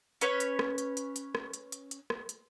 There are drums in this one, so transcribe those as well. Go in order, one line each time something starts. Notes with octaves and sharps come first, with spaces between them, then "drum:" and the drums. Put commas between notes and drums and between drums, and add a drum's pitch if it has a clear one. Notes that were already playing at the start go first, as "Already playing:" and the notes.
C#4 B4 C#5, drum: hi-hat
drum: hi-hat
drum: rim click
drum: hi-hat
drum: hi-hat
drum: hi-hat
drum: rim click
drum: hi-hat
drum: hi-hat
drum: hi-hat
drum: rim click
drum: hi-hat